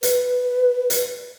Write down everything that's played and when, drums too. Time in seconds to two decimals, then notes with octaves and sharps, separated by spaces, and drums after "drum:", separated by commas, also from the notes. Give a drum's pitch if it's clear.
0.03 B4, drum: hi-hat
0.90 drum: hi-hat